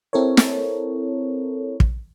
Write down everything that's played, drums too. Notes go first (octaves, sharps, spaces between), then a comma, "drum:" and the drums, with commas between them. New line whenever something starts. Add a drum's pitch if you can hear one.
C4 E4 A4 A#4 C#5
drum: snare
drum: kick